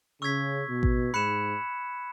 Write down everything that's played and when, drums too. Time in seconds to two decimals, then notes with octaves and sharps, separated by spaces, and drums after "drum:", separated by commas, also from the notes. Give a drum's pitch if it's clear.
0.22 C#3 C#6 E6 G#6 B6
0.67 B2
0.83 drum: kick A1
1.14 G#2 B5 F#6 C#7 E7